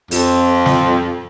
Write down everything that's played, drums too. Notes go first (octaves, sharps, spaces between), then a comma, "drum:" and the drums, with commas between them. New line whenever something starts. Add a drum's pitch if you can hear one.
F2, drum: open hi-hat
drum: snare